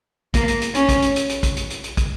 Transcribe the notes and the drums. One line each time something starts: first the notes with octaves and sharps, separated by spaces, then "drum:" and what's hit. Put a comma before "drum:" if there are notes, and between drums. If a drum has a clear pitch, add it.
A#3, drum: kick, hi-hat
drum: hi-hat
drum: hi-hat
C#4, drum: hi-hat
drum: kick, hi-hat
drum: hi-hat
drum: hi-hat
drum: hi-hat
drum: kick, hi-hat
drum: hi-hat
drum: hi-hat
drum: hi-hat
drum: kick, hi-hat